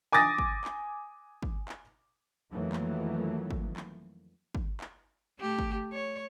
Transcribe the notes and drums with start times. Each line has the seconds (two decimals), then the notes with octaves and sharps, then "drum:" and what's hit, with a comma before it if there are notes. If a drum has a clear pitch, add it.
0.12 G#5 D6 D#6 A6 A#6
0.38 drum: kick
0.64 drum: clap
1.42 drum: kick
1.68 drum: clap
2.52 F2 D#3 E3 F#3 A3 A#3
2.73 drum: clap
3.51 drum: kick
3.77 drum: clap
4.55 drum: kick
4.81 drum: clap
5.39 A3 G4
5.59 drum: kick
5.92 C#5